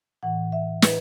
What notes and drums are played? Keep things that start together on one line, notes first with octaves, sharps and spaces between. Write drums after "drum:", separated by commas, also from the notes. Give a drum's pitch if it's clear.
A2 E3 F#5
E5
B4, drum: snare